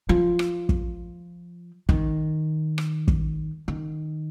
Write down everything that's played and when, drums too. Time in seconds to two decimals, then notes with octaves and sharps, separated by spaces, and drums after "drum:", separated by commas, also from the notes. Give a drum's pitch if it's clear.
0.09 F3
0.39 drum: rim click
0.69 drum: kick
1.89 D#3, drum: kick
2.78 drum: rim click
3.08 drum: kick
3.68 D#3